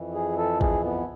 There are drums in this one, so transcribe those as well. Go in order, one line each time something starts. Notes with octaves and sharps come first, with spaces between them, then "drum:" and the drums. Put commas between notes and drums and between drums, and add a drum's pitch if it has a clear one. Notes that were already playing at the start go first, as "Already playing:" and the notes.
Already playing: F2 E3
G#4
A4
G#4, drum: kick
B3